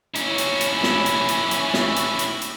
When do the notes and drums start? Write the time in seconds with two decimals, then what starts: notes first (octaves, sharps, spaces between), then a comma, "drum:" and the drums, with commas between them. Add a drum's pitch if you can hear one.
0.15 C#4 E4, drum: hi-hat
0.38 drum: hi-hat
0.61 drum: hi-hat
0.83 drum: snare
1.06 drum: hi-hat
1.28 drum: hi-hat
1.51 drum: hi-hat
1.74 drum: snare
1.96 drum: hi-hat
2.19 drum: hi-hat
2.42 drum: hi-hat